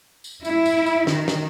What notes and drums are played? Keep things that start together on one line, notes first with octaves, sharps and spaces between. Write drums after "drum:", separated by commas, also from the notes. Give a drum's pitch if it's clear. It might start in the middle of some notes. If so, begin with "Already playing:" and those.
drum: tambourine
E4, drum: tambourine
drum: tambourine
drum: tambourine
D#3, drum: snare
drum: snare